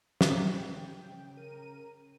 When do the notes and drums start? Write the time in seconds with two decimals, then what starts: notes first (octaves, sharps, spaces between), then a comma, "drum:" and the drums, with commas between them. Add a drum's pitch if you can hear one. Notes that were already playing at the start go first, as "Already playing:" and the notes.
0.21 G5, drum: snare
0.79 C#3
1.37 A#4 D#7